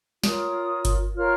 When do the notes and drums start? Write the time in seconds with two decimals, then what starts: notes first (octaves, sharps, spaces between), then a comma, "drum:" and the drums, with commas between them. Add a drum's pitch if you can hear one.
0.23 F4 A#4 C#5 D#6, drum: snare
0.85 drum: kick G1, hi-hat
1.16 F4 A#4 C#5 F6